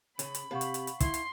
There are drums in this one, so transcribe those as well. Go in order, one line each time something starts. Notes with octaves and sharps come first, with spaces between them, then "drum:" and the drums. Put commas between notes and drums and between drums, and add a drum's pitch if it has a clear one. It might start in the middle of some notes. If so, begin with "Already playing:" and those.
C#3 B5, drum: hi-hat
drum: hi-hat
C3 F5 F#5 C#6
drum: hi-hat
drum: hi-hat
drum: hi-hat
E4 C6, drum: kick, hi-hat
drum: hi-hat